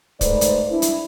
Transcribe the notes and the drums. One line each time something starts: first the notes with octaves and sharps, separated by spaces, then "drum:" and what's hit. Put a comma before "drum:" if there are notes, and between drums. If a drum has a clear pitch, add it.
G#2 A3 B4 C5 D5, drum: kick, hi-hat
drum: hi-hat
D4 E4
drum: hi-hat